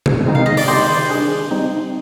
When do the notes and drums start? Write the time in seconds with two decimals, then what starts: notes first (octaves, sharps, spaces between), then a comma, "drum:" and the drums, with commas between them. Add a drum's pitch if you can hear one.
0.06 drum: tom C3
0.26 C3 D#3 G#3 C4 D#4
0.35 F5
0.46 D#5
0.57 D5, drum: open hi-hat
0.67 D#3 G#3 D#4 G4 C5
1.09 D#3 G3 D4 G#4
1.51 G3 C4 D#4